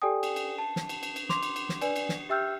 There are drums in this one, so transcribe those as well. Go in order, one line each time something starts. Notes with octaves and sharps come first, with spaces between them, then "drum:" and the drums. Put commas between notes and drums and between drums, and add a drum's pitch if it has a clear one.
G4 A4 D5 G5 G#5 D#6
drum: cymbal
drum: cymbal
A5
drum: snare
drum: cymbal
drum: cymbal
drum: cymbal
C6 D6 F7, drum: snare
drum: cymbal
drum: cymbal
drum: snare
D4 B4 D5 G#5, drum: cymbal
drum: cymbal
drum: snare
G4 E5 G5 E6 F6 G6